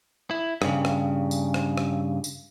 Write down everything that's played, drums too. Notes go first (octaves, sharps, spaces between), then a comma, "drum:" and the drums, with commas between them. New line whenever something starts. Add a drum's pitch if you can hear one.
E4
G2 C#3, drum: rim click
drum: rim click
drum: tambourine
drum: rim click
drum: rim click
drum: tambourine